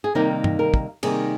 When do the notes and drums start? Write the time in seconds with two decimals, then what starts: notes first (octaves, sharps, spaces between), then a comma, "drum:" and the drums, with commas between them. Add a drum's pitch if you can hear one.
0.04 G#4
0.15 C3 D#3 G3 A#3 D#4 A#4
0.44 drum: tom G2
0.59 A#4
0.74 drum: kick
1.03 C3 D#3 G3 A#3 D#4 G#4, drum: cymbal